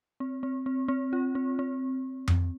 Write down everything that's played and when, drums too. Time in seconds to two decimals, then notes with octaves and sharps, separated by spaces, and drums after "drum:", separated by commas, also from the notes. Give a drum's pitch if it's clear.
0.20 C4
0.43 C4
0.66 C4
0.88 C4
1.13 F4
1.35 C4
1.59 C4
2.28 drum: tom F2